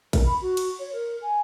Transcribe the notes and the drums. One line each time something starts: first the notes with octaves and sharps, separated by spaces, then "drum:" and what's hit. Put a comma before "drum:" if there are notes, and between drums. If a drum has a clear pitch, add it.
A#4, drum: kick, cymbal
B5
F#4
drum: cymbal
C#5
A#4
G#5